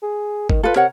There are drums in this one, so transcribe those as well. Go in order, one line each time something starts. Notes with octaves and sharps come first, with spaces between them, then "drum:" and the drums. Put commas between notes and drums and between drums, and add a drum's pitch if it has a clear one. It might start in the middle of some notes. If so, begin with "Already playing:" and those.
G#4
D#3, drum: kick
F4 A4 B4
C3 A#4 C#5 F#5